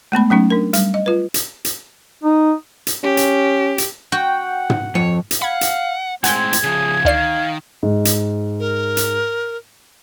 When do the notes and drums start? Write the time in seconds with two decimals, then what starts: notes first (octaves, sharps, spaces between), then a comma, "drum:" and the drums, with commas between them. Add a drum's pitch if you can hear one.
0.12 G#3 A3 B3 B5
0.30 F#3 A3 C#4 D#4
0.50 D4 A#4
0.73 G3, drum: hi-hat
0.94 D#5
1.06 F4 B4
1.34 drum: hi-hat
1.65 drum: hi-hat
2.24 D#4
2.87 drum: hi-hat
3.04 C#4 G4
3.17 drum: hi-hat
3.78 drum: hi-hat
4.12 F#4 F#5 G5
4.70 drum: tom
4.95 F2 C#5
5.31 drum: hi-hat
5.42 F5 F#5 B5 G#6
5.61 drum: hi-hat
6.24 A2 G#3 C4 F#5 G#5 G6 G#6, drum: hi-hat
6.53 drum: hi-hat
6.63 C#3 F3 G#4
7.05 D2 D#3 D5 F5 C7
7.83 G#2
8.05 drum: hi-hat
8.60 A#4
8.97 drum: hi-hat